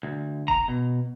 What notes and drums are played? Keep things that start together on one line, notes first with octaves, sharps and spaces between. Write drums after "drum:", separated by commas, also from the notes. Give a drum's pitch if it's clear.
D2
A#5, drum: kick F1
B2